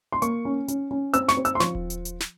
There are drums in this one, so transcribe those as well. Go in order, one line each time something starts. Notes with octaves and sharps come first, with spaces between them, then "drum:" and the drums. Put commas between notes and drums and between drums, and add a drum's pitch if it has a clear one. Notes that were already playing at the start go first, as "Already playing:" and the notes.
C6
A#3 C#6, drum: hi-hat
C#4
C#4, drum: hi-hat
C#4
C4 E6, drum: hi-hat
C#6, drum: snare
C4
E6, drum: hi-hat
C6
F3 C#6, drum: snare
drum: kick D#1
drum: hi-hat
drum: hi-hat
drum: snare